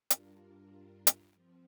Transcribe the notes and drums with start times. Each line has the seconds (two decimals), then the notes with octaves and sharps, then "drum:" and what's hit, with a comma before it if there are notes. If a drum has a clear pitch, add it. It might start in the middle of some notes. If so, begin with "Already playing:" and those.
0.10 G2 G3 D4 F4 A#4, drum: hi-hat
1.07 drum: hi-hat
1.34 F3 C4